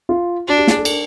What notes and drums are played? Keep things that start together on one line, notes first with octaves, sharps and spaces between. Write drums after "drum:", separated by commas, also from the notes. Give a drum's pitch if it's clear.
F4
D4 F#4
G4
G#4, drum: snare
A4
A#4, drum: cymbal